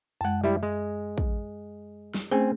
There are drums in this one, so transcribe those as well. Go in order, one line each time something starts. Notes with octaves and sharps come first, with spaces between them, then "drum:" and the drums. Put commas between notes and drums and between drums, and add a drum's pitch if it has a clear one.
F#2 G#3 F#5 A5
G3 E4 E5
G#3
drum: kick
drum: snare
A3 C4 C#4 G#4 G#5